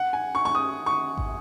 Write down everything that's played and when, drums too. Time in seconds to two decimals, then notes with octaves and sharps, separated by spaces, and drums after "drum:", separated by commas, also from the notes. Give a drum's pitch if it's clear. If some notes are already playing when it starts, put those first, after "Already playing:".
Already playing: F#5
0.13 G#5
0.35 C#6
0.45 C#6
0.55 D#6
0.86 C#6
1.17 drum: kick G#1